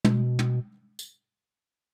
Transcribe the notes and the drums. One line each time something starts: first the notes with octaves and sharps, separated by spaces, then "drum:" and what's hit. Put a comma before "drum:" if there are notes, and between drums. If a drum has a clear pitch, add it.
B2, drum: tom
drum: tom
drum: tambourine